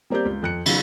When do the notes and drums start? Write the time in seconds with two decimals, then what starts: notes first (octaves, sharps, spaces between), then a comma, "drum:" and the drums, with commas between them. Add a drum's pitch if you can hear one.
0.10 G3 A#3 C4 G4 D5 G6
0.25 C#2
0.42 F2 F#6 C#7
0.66 C#3 F#3, drum: cymbal